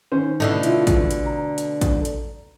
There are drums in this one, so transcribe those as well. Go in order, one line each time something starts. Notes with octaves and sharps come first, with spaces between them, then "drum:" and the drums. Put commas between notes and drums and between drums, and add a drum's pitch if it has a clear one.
D#3 C#4 C5
B2 D3 A3 E4 D#5
E4 F4, drum: hi-hat
drum: kick, hi-hat
drum: hi-hat
A#5
drum: hi-hat
drum: kick, hi-hat
drum: hi-hat